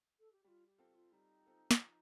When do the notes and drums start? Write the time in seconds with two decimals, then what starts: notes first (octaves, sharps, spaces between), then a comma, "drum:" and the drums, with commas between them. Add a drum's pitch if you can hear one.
0.19 A4
0.32 G4
0.44 G3 F4 G4
0.67 G4
0.78 C4 F4 A4
0.89 G4
0.94 F4
1.12 G3 D#4
1.46 C4 F4 A4
1.71 drum: snare
1.81 F3